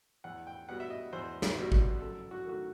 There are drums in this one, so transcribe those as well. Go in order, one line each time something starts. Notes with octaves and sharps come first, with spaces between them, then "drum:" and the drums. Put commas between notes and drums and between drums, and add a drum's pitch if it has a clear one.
E2 F#5
G5
B2 G3 B3 F#5
E5
D#5
E2 C5
drum: snare
B2 G3 B3
drum: kick G#1
F#2 A4
F#4
D#3 A3 F#4